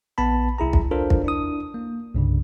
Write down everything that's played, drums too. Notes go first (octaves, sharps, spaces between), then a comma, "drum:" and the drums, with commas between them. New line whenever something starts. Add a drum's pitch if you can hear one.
A#1 B3 A5 B5
C2 E4 G#4 A#5
drum: kick
D4 F4 A4 A#4 C5
drum: kick
D4 E4 D#6
A#3
C2 G2 C#3